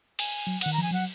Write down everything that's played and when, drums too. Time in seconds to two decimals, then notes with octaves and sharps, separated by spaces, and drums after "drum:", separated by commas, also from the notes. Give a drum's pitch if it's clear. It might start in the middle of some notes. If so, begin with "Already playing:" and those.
0.19 G#5, drum: cymbal
0.47 F#3
0.61 D#3 F#5, drum: cymbal
0.73 A#5
0.78 F3 G#5
0.91 F#3 F#5